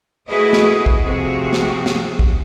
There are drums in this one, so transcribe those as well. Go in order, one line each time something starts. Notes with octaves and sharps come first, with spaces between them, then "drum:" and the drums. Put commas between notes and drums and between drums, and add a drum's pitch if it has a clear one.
A3 E4 F#4 G#4 B4 D#5
drum: snare
drum: kick
C3 F3 F#4 G#4
drum: snare
drum: snare
drum: kick